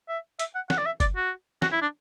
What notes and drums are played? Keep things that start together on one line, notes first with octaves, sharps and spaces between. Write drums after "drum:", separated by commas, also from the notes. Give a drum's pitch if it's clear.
E5
E5, drum: hi-hat
F#5
F#5, drum: snare
D5
E5
D5, drum: kick F#1, hi-hat
F#4
F#4, drum: snare
E4
D4